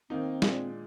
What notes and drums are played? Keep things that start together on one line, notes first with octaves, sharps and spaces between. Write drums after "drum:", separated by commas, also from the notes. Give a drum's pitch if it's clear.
D#3 A#3 C4 D#4
A#2 G#3 D4, drum: snare